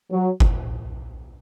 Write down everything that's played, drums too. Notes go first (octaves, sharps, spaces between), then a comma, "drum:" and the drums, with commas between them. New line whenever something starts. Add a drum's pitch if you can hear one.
F#3
drum: kick G1